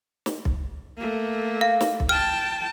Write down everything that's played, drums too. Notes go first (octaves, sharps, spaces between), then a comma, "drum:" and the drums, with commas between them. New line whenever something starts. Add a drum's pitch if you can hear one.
drum: snare
drum: kick B1
A3 A#3
F5
drum: snare
drum: kick B1
G5 A5 F6